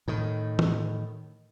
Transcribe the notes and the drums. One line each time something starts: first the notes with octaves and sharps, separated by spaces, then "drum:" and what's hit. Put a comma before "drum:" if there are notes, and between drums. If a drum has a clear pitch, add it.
A2 D#3
drum: tom